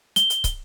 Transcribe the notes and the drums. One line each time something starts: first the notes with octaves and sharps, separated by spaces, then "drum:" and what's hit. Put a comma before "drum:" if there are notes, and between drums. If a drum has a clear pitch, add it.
G7, drum: hi-hat
drum: hi-hat
drum: kick, hi-hat